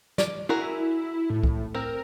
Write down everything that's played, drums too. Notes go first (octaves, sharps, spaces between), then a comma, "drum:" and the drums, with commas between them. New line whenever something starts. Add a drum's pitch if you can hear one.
D5, drum: snare
E4 F#4 G#4 A#4
A2
drum: kick C2
C4 A#4